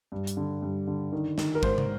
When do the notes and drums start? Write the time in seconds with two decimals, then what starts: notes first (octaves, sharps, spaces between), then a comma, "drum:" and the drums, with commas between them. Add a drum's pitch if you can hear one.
0.12 G2
0.27 drum: hi-hat
0.37 D3
0.62 G2
0.87 D3
1.12 D#3
1.38 D#3, drum: snare
1.55 A#4
1.63 G#2 C5, drum: kick
1.78 drum: tom